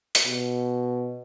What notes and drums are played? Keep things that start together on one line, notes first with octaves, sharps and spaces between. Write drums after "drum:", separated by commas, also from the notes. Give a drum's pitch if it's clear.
drum: hi-hat
B2